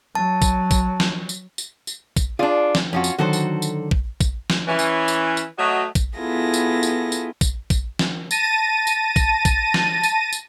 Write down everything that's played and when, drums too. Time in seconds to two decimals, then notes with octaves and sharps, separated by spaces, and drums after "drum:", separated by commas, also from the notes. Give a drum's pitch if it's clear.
0.15 F#3 A5
0.42 drum: kick, tambourine
0.71 drum: kick, tambourine
1.00 drum: snare
1.29 drum: tambourine
1.58 drum: tambourine
1.87 drum: tambourine
2.16 drum: kick, tambourine
2.39 D4 F4 G#4 D5
2.75 drum: snare
2.93 F2 C#4 F4 F#4
3.04 drum: tambourine
3.18 D3 D#3 F#3 F#4 A4 C5
3.33 drum: tambourine
3.62 drum: tambourine
3.91 drum: kick
4.21 drum: kick, tambourine
4.50 drum: snare
4.68 E3 C#4
4.79 drum: tambourine
5.08 drum: tambourine
5.37 drum: tambourine
5.58 F#3 A3 F#4 D#5
5.95 drum: kick, tambourine
6.16 B3 E4 F4 G#4 A4 A#6
6.54 drum: tambourine
6.83 drum: tambourine
7.12 drum: tambourine
7.41 drum: kick, tambourine
7.70 drum: kick, tambourine
7.99 drum: snare
8.31 A5 A6 A#6 D#7, drum: tambourine
8.87 drum: tambourine
9.16 drum: kick, tambourine
9.45 drum: kick, tambourine
9.74 drum: snare
10.03 drum: tambourine
10.33 drum: tambourine